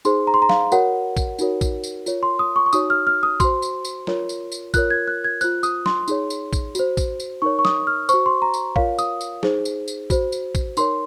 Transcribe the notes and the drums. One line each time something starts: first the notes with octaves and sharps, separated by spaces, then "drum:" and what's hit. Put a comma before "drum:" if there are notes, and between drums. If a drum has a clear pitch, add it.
D#4 G#4 C5 C6, drum: tambourine
A#5
C6
A#5
F5, drum: snare
F#4 A#4 C#5 F#5, drum: tambourine
drum: kick, tambourine
D#4 F#4 A#4 C#5, drum: tambourine
drum: kick, tambourine
drum: tambourine
F4 A#4 C#5, drum: tambourine
C6
D#6
C#6
C#6
D#4 F#4 C#5 D#6, drum: tambourine
F6
F6
D#6
F#4 C5 C6, drum: kick, tambourine
drum: tambourine
drum: tambourine
F4 A#4 C#5, drum: snare
drum: tambourine
drum: tambourine
F4 A#4 C#5 F#6, drum: kick, tambourine
G#6
F#6
G#6
F4 C5 F#6, drum: tambourine
D#6, drum: tambourine
C6, drum: snare
D#4 G#4 C#5, drum: tambourine
drum: tambourine
drum: kick, tambourine
F#4 C5, drum: tambourine
drum: kick, tambourine
drum: tambourine
D#4 A#4 C#5 C#6
C#6
D#6, drum: snare
F6
F#4 C5 C#6, drum: tambourine
C6
A#5
drum: tambourine
F4 A#4 C#5 F5, drum: kick
D#6, drum: tambourine
drum: tambourine
D#4 G#4 C5, drum: snare
drum: tambourine
drum: tambourine
F#4 C5, drum: kick, tambourine
drum: tambourine
drum: kick, tambourine
D#4 A#4 C#5 C6, drum: tambourine